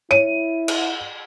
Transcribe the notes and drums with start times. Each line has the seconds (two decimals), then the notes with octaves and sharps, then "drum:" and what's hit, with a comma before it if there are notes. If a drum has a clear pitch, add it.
0.11 E4 C#5 D#7
0.68 drum: cymbal